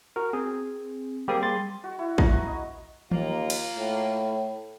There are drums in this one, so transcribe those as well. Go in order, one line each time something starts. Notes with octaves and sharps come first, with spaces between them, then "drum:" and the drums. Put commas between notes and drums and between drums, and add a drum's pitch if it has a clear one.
F#4 A#4
C4 G#4
G3 A#3 C4 G4 G#4
C6 A6
F#4
E4
A#5, drum: kick
C#6
D#5
D#2 A#3 F4, drum: tom E3
drum: cymbal
A2